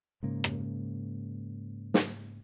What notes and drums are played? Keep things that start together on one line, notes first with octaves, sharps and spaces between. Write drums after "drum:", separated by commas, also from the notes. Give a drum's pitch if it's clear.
G#2 C#3 A#3
drum: rim click
drum: snare